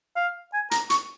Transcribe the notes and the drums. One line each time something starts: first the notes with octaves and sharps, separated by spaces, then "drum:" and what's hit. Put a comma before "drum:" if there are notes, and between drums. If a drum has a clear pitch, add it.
F5
G#5
A#5, drum: hi-hat
C#6, drum: hi-hat